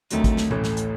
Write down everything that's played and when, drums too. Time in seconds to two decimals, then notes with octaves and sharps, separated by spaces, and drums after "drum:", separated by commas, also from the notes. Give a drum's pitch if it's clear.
0.10 D2 C3 D#3 F#3 A3, drum: hi-hat
0.24 drum: kick, hi-hat
0.37 drum: snare
0.51 A1 A2 E3 A3, drum: tom B2
0.64 drum: snare
0.77 drum: hi-hat